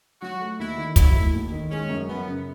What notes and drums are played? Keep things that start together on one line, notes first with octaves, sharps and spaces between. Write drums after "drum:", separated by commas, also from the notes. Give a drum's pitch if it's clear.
F#3 F#4
A3
D#2 E4
D#3
F#3 E4, drum: kick, hi-hat
A3
D#2
D#3
G#3 C#4
F#2
F#2 B3
C#3